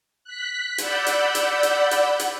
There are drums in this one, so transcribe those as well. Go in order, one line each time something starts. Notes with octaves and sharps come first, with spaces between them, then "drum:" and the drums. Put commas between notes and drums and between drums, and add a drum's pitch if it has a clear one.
F#6 B6
D5 F#5 B5 E6 G6, drum: hi-hat
drum: hi-hat
drum: hi-hat
drum: hi-hat
drum: hi-hat
drum: hi-hat